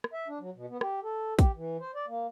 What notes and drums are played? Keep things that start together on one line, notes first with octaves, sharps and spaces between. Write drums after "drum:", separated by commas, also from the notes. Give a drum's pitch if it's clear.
drum: rim click
E5
D4
F#3
B2
B3
G4, drum: rim click
A4
G4, drum: kick, hi-hat
E3
C5
D5
A#3